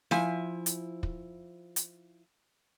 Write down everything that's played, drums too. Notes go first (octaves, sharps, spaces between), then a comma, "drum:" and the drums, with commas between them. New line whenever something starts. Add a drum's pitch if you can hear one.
F3 E4 G#5, drum: snare
drum: hi-hat
drum: kick
drum: hi-hat